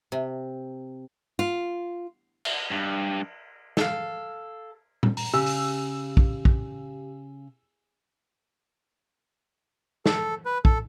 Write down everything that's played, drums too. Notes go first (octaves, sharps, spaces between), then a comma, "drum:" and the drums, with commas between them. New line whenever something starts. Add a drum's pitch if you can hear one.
C3
F4
drum: cymbal
G2
A4 F5, drum: snare
drum: tom A#2
A#5, drum: open hi-hat
C#3 G4 E6
drum: open hi-hat
drum: kick
drum: kick
A4, drum: snare
B4
A4, drum: kick